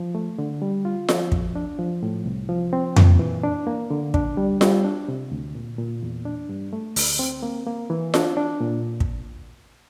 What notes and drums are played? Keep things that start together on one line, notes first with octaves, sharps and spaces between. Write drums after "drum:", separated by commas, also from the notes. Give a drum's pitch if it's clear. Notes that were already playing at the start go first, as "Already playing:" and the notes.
Already playing: F3
A3
D3
G3
F4
F3, drum: snare F4
F2, drum: kick
D4
F3
A2
C2
F3
C4
A#2, drum: tom F2
E3
D4
A#3
D3
D4, drum: kick
G3
G3, drum: snare F4
D4
C3
D2
A#2
A#2
E2
D4
G2
A3
D2, drum: open hi-hat
C4
A#3
A#3
E3
D4, drum: snare F4
D4
A#2
drum: kick